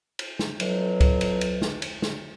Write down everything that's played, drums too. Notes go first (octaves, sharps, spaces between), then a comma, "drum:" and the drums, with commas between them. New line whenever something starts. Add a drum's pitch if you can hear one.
drum: cymbal
drum: snare
F2 E3 F#3, drum: cymbal
drum: kick, cymbal
drum: cymbal
drum: cymbal
drum: snare
drum: cymbal
drum: snare